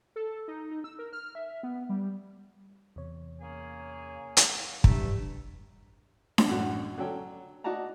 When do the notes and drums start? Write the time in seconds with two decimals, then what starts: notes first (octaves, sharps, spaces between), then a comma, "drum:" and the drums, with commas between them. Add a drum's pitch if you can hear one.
0.16 A4
0.48 D#4
0.71 D#4
0.84 E6
0.99 A#4
1.13 F6
1.35 E5
1.63 B3
1.89 G3
2.96 E2 C3 C#5
3.42 A#3 C#4 G#4
4.37 F5 F#5 A#5, drum: hi-hat
4.84 G2 E3 G3 A3 A#5, drum: kick
6.38 drum: snare D4
6.47 A1 F#2 F#4
6.98 D3 F#3 C#4 A4 G5
7.64 D#4 F#4 D5 F#5 A5 A#5